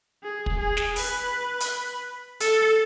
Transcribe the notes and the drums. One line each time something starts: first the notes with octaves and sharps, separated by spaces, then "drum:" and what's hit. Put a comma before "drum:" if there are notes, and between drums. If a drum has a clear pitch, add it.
G#4
drum: kick
G#4
drum: snare
B4, drum: open hi-hat
drum: hi-hat
A4, drum: hi-hat